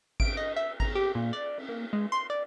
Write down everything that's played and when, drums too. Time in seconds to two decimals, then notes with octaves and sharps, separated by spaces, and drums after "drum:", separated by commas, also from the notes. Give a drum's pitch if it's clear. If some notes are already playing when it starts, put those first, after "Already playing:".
0.20 D7, drum: kick G#1, cymbal
0.37 D#5
0.56 E5
0.80 A#5, drum: kick G#1, cymbal
0.95 G4
1.15 A#2
1.33 D5
1.58 drum: cymbal
1.69 A#3
1.93 G#3
2.12 C6
2.30 D5